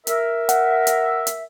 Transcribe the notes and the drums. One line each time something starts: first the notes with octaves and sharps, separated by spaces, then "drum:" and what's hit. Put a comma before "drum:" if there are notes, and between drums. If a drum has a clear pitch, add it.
A#4 E5, drum: hi-hat
F#5, drum: hi-hat
drum: hi-hat
drum: hi-hat